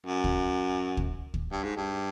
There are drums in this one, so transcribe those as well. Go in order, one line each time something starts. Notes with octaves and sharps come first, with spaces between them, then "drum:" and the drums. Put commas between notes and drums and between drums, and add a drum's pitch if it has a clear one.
F#2
drum: kick D2
drum: kick D2
drum: kick D2
G2
G#2
G2